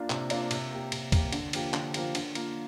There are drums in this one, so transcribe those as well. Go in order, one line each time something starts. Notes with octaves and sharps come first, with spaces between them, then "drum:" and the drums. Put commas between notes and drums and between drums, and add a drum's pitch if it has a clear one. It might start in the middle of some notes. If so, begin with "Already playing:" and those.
Already playing: A#3 D4 F4
C3, drum: clap
A#3 D4 F4, drum: cymbal
C3, drum: cymbal
A#3 G4
C3, drum: cymbal
A#3 G4, drum: kick, cymbal
D3, drum: cymbal
F3 A#3 G4, drum: cymbal
D3, drum: clap
F3 A#3 G4, drum: cymbal
D3, drum: cymbal
A#3 F4, drum: cymbal